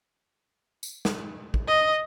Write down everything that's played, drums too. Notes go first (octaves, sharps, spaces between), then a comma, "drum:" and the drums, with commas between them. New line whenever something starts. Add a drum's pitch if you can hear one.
drum: tambourine
drum: snare
drum: kick
D#5